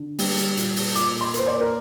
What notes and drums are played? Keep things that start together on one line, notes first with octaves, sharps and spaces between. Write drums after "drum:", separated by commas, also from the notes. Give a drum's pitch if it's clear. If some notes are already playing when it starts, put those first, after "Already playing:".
Already playing: D3
G3, drum: open hi-hat
drum: hi-hat
A#2, drum: hi-hat
drum: open hi-hat
A#2 D6, drum: hi-hat
C6
A#3 C5, drum: hi-hat
D5
A#4